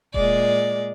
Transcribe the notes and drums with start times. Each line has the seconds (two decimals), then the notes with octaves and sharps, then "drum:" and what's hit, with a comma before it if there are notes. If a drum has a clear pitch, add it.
0.14 A#2 G#3 D5, drum: kick D#1